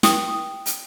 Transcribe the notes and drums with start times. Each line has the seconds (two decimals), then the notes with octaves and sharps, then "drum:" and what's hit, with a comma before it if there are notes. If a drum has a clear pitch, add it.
0.03 G5 D#6, drum: snare
0.66 drum: hi-hat